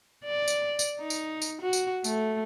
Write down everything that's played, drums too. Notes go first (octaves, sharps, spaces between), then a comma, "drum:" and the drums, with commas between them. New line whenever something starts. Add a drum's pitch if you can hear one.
D5
drum: tambourine
drum: tambourine
D#4
drum: tambourine
drum: tambourine
F#4
drum: tambourine
A3, drum: tambourine